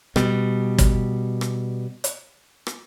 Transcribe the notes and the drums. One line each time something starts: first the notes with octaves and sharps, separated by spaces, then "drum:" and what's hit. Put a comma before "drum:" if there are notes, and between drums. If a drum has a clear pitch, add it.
B2 G3, drum: rim click
drum: kick, hi-hat
drum: rim click
drum: hi-hat
drum: rim click